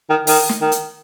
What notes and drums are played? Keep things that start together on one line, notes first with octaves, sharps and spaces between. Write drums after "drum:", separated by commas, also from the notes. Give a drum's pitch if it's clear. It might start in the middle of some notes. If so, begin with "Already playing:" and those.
D#3
D#3, drum: open hi-hat
drum: snare
D#3
drum: hi-hat